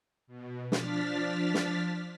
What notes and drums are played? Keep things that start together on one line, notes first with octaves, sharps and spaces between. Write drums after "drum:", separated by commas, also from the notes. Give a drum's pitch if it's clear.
B2
F3 D4 F6 A6 B6, drum: snare
drum: snare